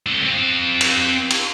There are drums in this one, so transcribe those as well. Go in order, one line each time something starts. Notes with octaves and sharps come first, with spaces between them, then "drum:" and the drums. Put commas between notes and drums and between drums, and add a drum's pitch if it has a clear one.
C2 D3
C4 F5
drum: cymbal
drum: cymbal